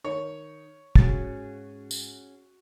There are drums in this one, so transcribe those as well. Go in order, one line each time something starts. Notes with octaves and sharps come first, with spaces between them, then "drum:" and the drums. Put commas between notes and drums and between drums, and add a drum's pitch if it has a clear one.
D#3 C#5
G#2 C#4 F#4 G#4 A6, drum: kick
drum: tambourine